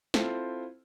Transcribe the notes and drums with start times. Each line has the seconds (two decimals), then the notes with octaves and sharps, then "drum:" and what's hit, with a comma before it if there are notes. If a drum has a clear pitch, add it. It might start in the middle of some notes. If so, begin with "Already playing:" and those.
0.14 C4 E4 F4 A4 C5, drum: snare